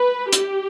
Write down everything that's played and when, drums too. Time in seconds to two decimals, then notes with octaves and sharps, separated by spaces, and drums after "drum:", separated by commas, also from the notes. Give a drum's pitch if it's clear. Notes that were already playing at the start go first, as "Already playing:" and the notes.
Already playing: B4
0.33 G4, drum: hi-hat